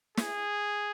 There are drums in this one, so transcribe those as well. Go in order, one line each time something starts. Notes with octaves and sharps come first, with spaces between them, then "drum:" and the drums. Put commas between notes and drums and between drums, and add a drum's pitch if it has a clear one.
G#4, drum: snare